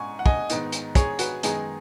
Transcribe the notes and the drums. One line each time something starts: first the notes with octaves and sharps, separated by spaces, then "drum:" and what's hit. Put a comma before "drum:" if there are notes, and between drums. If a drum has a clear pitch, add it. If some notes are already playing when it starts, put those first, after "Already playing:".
Already playing: G#2 G#3 C#4 F#5 G#5 C#6
F#5
D#5 G#5, drum: kick
G#2 D#3 B3 D#4, drum: hi-hat
drum: hi-hat
G#4 C#5, drum: kick, hi-hat
F#4 B4, drum: hi-hat
F#2 D#3 G#3 B3 D#4 G#4, drum: hi-hat